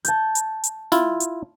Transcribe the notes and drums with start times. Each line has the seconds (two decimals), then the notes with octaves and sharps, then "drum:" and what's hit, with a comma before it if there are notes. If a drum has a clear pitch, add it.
0.05 A5 G6, drum: hi-hat
0.35 drum: hi-hat
0.64 drum: hi-hat
0.92 E4 F4, drum: snare
1.20 drum: hi-hat